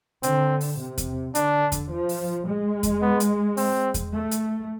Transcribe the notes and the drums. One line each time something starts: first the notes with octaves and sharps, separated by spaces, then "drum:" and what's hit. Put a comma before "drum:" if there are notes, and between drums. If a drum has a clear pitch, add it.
D3 C4, drum: hi-hat
drum: open hi-hat
C3
drum: kick E2, hi-hat
D3 D4, drum: hi-hat
drum: kick E2, hi-hat
F3
drum: open hi-hat
G#3
drum: kick E2, hi-hat
B3
drum: hi-hat
C4, drum: open hi-hat
drum: kick E2, hi-hat
A3
drum: hi-hat